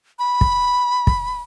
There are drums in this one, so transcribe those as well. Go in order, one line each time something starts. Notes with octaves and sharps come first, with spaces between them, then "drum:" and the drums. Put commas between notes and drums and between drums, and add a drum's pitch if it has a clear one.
B5
drum: kick
drum: kick